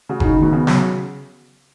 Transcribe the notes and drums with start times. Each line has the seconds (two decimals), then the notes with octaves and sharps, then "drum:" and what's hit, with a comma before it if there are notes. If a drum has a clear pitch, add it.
0.09 C#3 F#4
0.20 C#3 D#4, drum: kick F#1
0.38 B2 D#3
0.53 C#3 B3
0.67 F#3, drum: snare